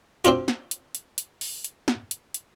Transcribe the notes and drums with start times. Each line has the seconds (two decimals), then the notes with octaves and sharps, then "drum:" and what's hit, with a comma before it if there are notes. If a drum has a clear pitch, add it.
0.25 C4 D4 F4 F#4, drum: hi-hat
0.48 drum: snare
0.71 drum: hi-hat
0.95 drum: hi-hat
1.18 drum: hi-hat
1.41 drum: open hi-hat
1.64 drum: hi-hat
1.88 drum: snare
2.11 drum: hi-hat
2.34 drum: hi-hat